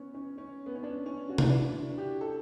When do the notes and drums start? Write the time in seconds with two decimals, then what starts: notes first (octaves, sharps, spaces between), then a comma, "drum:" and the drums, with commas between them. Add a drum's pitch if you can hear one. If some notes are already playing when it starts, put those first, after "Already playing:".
Already playing: B3 C#4
0.14 C#4
0.38 C#4
0.66 B3
0.75 C#4
0.83 D4
1.06 C#4
1.29 F#4
1.38 E4, drum: tom C3
1.49 D4
1.59 E4
1.98 G4
2.21 A4